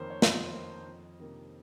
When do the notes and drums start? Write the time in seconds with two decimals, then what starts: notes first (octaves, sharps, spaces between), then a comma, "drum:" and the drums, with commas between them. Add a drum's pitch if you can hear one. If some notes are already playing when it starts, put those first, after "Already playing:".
Already playing: F2 D#3 A#3 C5 C#5
0.10 C#5
0.22 F2 D#5, drum: snare
0.54 D#3 A#3
0.87 F2
1.19 C3 D#3 A#3